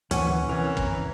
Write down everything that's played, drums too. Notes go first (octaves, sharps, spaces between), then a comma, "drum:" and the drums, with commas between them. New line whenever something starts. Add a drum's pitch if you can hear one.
D2 A#2 E3 F3 C#4 F#5, drum: hi-hat
C3 E3 A#4 C#5
F#1 C2 C#5 A#5, drum: kick